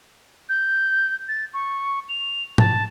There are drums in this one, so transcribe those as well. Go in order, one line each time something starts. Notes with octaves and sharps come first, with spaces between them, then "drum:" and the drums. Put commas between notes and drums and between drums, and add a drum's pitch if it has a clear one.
G6
A6
C#6
F7
A5, drum: tom G#2